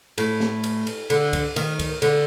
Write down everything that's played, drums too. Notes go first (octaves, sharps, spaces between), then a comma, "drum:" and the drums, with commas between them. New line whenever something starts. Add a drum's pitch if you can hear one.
A2, drum: cymbal
drum: snare
drum: cymbal
drum: cymbal
D3, drum: cymbal
drum: kick C#2, cymbal
D#3, drum: cymbal
drum: kick C#2, cymbal
D3, drum: cymbal